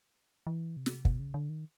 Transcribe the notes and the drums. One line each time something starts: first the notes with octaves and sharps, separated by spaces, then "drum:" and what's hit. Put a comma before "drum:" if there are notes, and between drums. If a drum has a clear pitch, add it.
E3
C3
drum: snare
B2, drum: kick
C#3
D3
D#3